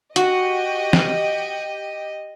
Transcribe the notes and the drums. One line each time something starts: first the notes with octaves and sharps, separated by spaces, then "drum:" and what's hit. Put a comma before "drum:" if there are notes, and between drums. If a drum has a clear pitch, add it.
F#4 G4 D#5, drum: hi-hat
drum: snare